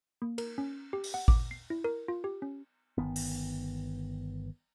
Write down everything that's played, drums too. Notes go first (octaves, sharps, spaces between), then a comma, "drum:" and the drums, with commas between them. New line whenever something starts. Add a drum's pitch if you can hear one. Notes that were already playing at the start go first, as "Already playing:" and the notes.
A#3
A#4, drum: cymbal
C#4
G4
drum: open hi-hat
F#5
D6, drum: kick
C7
E4
A#4
F4
G4
C#4
G1 D#3 B3
drum: open hi-hat